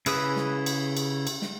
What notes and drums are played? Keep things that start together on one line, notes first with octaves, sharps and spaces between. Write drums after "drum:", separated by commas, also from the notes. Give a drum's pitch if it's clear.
C#3 E4 G#4 B4 D#6, drum: cymbal
drum: snare
drum: cymbal
drum: cymbal
drum: cymbal
drum: snare